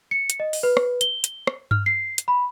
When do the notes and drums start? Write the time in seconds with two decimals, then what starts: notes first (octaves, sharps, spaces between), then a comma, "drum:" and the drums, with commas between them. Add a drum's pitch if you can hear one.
0.11 C#7
0.30 drum: hi-hat
0.40 D#5
0.53 drum: open hi-hat
0.63 B4
0.77 drum: rim click
1.01 G7, drum: hi-hat
1.24 drum: hi-hat
1.47 drum: rim click
1.71 F6, drum: tom G2
1.86 C7
2.18 drum: hi-hat
2.28 B5